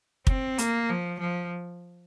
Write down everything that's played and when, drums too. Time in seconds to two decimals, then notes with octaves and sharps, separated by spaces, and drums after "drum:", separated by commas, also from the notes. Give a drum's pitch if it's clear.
0.27 C4, drum: kick
0.58 A#3, drum: hi-hat
0.89 F3
1.20 F3